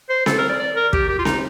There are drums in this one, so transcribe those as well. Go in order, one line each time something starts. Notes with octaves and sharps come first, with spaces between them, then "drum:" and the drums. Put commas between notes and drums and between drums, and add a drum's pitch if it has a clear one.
C5
A4, drum: snare C4
A#4
D5
D5
A#4
G4, drum: kick
G4
F4
D#4, drum: snare C4